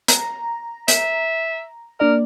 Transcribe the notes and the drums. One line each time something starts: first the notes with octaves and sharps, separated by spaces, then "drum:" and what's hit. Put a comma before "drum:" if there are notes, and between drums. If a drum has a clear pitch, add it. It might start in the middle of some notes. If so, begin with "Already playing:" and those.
A#5, drum: hi-hat
E5, drum: hi-hat
A#3 D4 A#4 D5